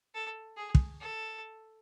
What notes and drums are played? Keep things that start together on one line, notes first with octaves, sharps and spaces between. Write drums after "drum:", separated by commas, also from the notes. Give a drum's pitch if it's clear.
A4
G#4
drum: kick
A4